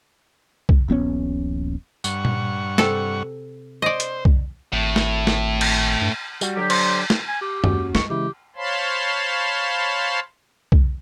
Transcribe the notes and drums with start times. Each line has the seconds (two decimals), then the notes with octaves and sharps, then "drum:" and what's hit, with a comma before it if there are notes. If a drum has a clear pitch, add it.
0.69 drum: kick B1
0.88 D#1 A#1 B3 C#4
2.04 G2 F#5 C#6, drum: tambourine
2.25 drum: tom A#2
2.78 C3 A4, drum: snare
3.82 C5 D5 D#5
4.00 drum: hi-hat
4.25 drum: kick B1
4.73 G#1 A2
4.96 drum: snare
5.27 drum: snare
5.61 drum: cymbal
6.02 G2
6.41 G3 F#4, drum: tambourine
6.56 D3 F#3 G4
6.70 C5, drum: cymbal
7.10 drum: snare
7.28 G#5
7.41 G4
7.64 D#2 C#4 F#4, drum: tom F#2
7.95 G#3 C#6, drum: snare
8.10 C#3 E3 E4 G4
8.56 C5 C#5 F5 A5 B5 C6
10.72 drum: kick B1